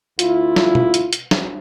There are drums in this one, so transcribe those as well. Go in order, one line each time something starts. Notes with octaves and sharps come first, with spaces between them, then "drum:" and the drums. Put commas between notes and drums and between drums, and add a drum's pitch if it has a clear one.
D2 E4 F4, drum: hi-hat
drum: snare
drum: tom B2
drum: hi-hat
drum: hi-hat
drum: snare